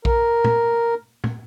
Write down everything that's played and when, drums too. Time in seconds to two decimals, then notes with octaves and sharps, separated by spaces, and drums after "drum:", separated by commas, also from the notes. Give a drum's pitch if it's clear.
0.05 A#4, drum: kick A#1
0.44 drum: tom A#2
1.24 drum: tom A#2